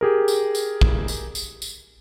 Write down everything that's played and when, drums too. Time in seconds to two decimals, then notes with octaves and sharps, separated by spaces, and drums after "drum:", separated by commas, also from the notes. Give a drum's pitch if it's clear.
0.01 G4 G#4 A#4
0.28 drum: tambourine
0.55 drum: tambourine
0.81 drum: kick
1.08 drum: tambourine
1.35 drum: tambourine
1.62 drum: tambourine